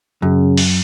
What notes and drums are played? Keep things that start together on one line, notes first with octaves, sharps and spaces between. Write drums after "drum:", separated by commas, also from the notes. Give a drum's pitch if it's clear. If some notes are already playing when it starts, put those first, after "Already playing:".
F#2 C#3
drum: open hi-hat